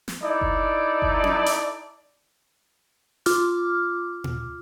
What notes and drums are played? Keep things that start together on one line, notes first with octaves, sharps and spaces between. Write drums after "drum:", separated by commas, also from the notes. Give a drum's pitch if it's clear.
drum: snare
D#4 E4 A4 D5
drum: kick F#1
drum: kick F#1
drum: tom C#4
drum: hi-hat
F4 D6 F6, drum: hi-hat
drum: tom A#2